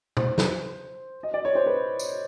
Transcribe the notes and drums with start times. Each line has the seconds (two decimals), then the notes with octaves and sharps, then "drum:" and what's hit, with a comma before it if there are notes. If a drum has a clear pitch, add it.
0.17 C5, drum: tom
0.38 drum: snare
1.23 D#5
1.34 D5
1.45 C#5
1.55 C5
1.66 B4
1.99 drum: tambourine